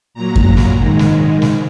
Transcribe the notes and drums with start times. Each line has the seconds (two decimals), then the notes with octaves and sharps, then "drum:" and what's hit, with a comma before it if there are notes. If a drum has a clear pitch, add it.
0.14 A#2 F#3 A#5
0.36 drum: kick F#2
0.57 drum: snare
0.78 G#2 D#3 G#3
0.99 drum: snare
1.42 drum: snare